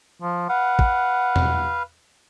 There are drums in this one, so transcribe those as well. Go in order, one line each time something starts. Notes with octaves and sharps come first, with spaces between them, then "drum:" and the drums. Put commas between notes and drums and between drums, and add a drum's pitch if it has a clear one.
F3
B4 F5 F#5
drum: kick
drum: tom E2